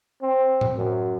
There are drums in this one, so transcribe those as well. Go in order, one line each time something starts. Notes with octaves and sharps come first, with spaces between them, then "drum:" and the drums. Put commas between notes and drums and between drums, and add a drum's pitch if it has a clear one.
C4
drum: tom A2
F#2